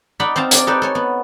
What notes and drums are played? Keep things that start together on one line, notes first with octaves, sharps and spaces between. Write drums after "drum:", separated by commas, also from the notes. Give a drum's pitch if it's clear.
D#4 D5 F#5 B5 C6
C4 D#4 F5 A5 A#5
D5 G#5, drum: hi-hat
D#4 G4 A4 B4 D5
A4 C#5 G#5
B3